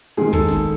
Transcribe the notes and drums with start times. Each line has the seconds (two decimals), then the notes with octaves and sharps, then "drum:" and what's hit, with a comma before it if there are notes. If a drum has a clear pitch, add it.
0.17 G#2 D#3 G#4
0.33 A4, drum: kick
0.48 drum: snare